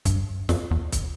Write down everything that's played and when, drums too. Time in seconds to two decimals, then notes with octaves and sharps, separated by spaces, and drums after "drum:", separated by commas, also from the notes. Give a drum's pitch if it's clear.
0.05 G2, drum: kick, hi-hat
0.49 F2, drum: snare
0.71 E2
0.92 drum: kick, hi-hat